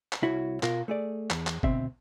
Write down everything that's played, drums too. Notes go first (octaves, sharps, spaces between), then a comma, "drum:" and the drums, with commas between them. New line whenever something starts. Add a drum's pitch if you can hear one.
drum: clap
C2 E4 F#4 C#5
B2 F4 A#4, drum: clap
A3 G#4 D5
E2, drum: clap
drum: clap
D2 B2 C4 E5, drum: kick